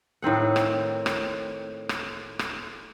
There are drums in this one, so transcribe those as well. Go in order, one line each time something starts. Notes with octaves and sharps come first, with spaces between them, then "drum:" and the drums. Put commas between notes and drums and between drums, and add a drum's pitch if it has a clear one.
A2 D#3 C4 F#5
drum: rim click
drum: rim click
drum: rim click
drum: rim click